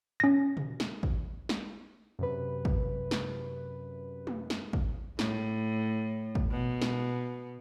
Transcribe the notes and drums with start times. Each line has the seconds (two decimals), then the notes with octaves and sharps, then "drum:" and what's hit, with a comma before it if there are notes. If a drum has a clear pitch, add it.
0.20 C#4 A#6
0.57 drum: tom
0.80 drum: snare
1.03 drum: kick
1.49 drum: snare
2.19 F#2 C3 B4
2.65 drum: kick
3.11 drum: snare
4.27 drum: tom
4.50 drum: snare
4.73 drum: kick
5.19 A2, drum: snare
6.35 drum: kick
6.51 B2
6.82 drum: snare